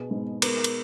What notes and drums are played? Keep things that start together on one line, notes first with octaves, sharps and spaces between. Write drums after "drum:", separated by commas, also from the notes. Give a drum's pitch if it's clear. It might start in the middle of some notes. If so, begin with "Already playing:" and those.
Already playing: B2 B3 G#4
G#2
B3 A#4, drum: cymbal
drum: cymbal